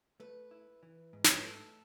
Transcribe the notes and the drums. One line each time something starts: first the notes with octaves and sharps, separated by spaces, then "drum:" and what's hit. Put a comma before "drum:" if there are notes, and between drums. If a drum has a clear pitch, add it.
A3 B4
E4
E3
G#2
C#5, drum: snare
B4
A3 A4